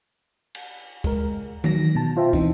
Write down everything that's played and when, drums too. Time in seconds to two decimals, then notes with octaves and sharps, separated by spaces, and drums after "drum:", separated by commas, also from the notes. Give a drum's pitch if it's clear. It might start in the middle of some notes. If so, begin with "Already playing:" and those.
0.55 drum: cymbal
1.04 G#3 A#4, drum: kick
1.64 D#3 F#3 A#6, drum: tom D#3
1.95 B2 A5
2.17 F4 C5 E5 G5
2.33 E3 C4 D#4, drum: kick